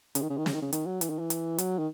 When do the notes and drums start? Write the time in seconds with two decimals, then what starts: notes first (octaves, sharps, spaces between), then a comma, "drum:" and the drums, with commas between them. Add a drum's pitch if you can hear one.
0.15 C#3, drum: hi-hat
0.22 D#3
0.30 C#3
0.38 D#3
0.46 C#3, drum: snare
0.54 D#3
0.62 C#3
0.73 D#3, drum: hi-hat
0.87 F#3
1.01 E3, drum: hi-hat
1.10 D#3
1.19 E3
1.30 drum: hi-hat
1.58 F#3, drum: hi-hat
1.79 D#3